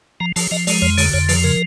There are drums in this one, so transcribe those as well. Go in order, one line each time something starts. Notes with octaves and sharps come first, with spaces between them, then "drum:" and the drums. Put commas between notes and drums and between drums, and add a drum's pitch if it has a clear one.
F3 A#5
F3 A5, drum: open hi-hat
F3 D#5
G#3 D5, drum: open hi-hat
F2 C#5
D3 C#5, drum: open hi-hat
F2 C#5
F3 B4, drum: open hi-hat
C#3 A#4